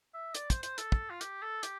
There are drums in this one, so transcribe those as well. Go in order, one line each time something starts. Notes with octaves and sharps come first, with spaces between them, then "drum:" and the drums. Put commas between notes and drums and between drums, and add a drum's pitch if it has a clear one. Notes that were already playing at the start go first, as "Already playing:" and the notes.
E5
D5, drum: hi-hat
C5, drum: kick, hi-hat
C5, drum: hi-hat
A4, drum: hi-hat
drum: kick
F4
G4, drum: hi-hat
A4
G4, drum: hi-hat